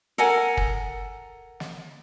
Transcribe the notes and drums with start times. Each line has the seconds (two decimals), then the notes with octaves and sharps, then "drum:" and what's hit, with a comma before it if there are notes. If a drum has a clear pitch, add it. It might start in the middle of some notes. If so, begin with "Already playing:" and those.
0.18 A4 A#4 F#5 G#5, drum: hi-hat
0.57 drum: kick
1.60 drum: snare